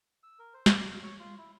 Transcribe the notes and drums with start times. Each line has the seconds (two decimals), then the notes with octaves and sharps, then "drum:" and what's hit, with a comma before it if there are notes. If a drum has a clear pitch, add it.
0.23 E6
0.39 A#4
0.54 C5
0.66 D5, drum: snare
0.88 F5
1.02 C#5
1.20 F4
1.38 E4